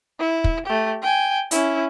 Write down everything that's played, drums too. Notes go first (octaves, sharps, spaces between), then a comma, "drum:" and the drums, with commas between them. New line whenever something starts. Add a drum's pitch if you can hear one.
E4
drum: kick
A3 G4
G5 G#5
C#4 E4, drum: hi-hat